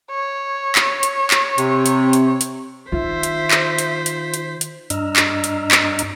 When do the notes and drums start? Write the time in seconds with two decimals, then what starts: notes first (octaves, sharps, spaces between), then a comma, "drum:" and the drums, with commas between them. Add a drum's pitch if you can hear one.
0.10 C#5
0.75 drum: clap
1.03 drum: hi-hat
1.31 drum: clap
1.58 C3, drum: hi-hat
1.86 drum: hi-hat
2.13 drum: hi-hat
2.41 drum: hi-hat
2.92 D#3 F4 C5 E5 B6
3.23 drum: hi-hat
3.51 drum: clap
3.78 drum: hi-hat
4.06 drum: hi-hat
4.34 drum: hi-hat
4.61 drum: hi-hat
4.90 G2 D4 D#5 A#5 E6 F6, drum: hi-hat
5.16 drum: clap
5.44 drum: hi-hat
5.71 drum: clap
5.99 drum: hi-hat